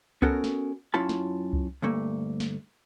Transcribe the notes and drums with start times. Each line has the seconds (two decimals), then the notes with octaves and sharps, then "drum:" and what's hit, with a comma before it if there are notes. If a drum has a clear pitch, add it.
0.22 B3 C#4 F#4 A4 A#4, drum: kick C2
0.44 drum: snare
0.94 F#2 C#4 E4 F4 A5 B5
1.09 drum: snare
1.53 drum: kick C2
1.82 D2 G2 A3 A#3
2.40 drum: snare